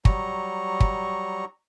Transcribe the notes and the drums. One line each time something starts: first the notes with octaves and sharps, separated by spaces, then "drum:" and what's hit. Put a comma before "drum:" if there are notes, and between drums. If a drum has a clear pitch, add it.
F#3 G3 A#5 C#6, drum: kick
drum: kick